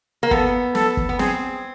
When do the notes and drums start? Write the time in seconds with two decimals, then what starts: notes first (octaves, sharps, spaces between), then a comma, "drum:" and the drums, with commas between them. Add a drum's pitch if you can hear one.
0.23 A#3
0.31 B3 A4, drum: kick
0.75 A4, drum: snare
0.97 drum: kick
1.09 B3
1.19 C4 G#4, drum: snare